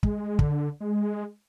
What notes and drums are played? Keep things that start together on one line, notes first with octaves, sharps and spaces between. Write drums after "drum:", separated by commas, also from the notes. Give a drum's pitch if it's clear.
G#3, drum: kick
D3, drum: kick
G#3